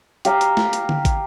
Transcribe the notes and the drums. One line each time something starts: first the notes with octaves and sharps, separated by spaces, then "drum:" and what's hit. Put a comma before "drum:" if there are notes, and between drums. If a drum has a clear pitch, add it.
G4 F5 A#5, drum: hi-hat
drum: hi-hat
drum: snare
drum: hi-hat
drum: tom D3
drum: kick, hi-hat